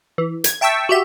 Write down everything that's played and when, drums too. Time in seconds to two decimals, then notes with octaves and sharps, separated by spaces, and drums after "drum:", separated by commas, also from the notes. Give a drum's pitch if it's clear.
0.18 E3
0.44 G#6, drum: hi-hat
0.61 E5 G5 A5 C#6 E6
0.89 F#4 G4 E5